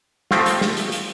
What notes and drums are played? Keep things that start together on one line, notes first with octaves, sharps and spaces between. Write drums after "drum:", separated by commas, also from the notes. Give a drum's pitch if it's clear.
F3 A3 C4 F4, drum: snare
drum: hi-hat
drum: snare
drum: hi-hat
drum: hi-hat